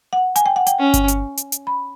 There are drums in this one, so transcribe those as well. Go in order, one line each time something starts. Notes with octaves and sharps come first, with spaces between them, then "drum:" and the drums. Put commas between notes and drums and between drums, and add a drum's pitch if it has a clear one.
F#5
G#5, drum: hi-hat
G5
F#5
G5, drum: hi-hat
C#4
drum: kick G1, hi-hat
drum: hi-hat
drum: hi-hat
drum: hi-hat
B5